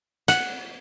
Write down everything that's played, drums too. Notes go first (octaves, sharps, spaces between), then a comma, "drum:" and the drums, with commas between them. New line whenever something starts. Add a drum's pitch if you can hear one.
F#5, drum: hi-hat